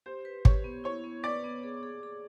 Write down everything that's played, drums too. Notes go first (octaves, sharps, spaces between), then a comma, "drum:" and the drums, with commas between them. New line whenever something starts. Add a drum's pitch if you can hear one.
G4 C5
B4
G4 C#5, drum: kick
B3
E4 C#5
B3
B4 D5
B3
G#4
G#4
G#4